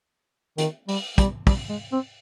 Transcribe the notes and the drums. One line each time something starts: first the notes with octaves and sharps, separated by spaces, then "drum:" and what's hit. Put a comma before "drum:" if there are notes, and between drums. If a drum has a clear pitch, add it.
D#3, drum: hi-hat
G3, drum: open hi-hat
G3, drum: kick, hi-hat
G3, drum: kick, open hi-hat
G#3
C4